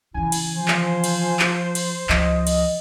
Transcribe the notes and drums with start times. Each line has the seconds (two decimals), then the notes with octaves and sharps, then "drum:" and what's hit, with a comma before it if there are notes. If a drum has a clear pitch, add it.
0.14 C#3 E3 E4 G#5
0.32 drum: cymbal
0.55 F3 C5
0.68 drum: clap
1.04 drum: cymbal
1.39 drum: clap
1.75 drum: cymbal
2.09 C#2 F3 D#5, drum: clap
2.47 drum: cymbal